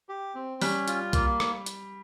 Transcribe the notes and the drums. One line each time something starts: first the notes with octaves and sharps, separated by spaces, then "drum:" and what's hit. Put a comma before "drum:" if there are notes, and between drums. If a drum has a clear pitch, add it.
G4
C4
G3 C#4, drum: open hi-hat
F4, drum: hi-hat
A#3, drum: kick B1, hi-hat
drum: rim click
drum: hi-hat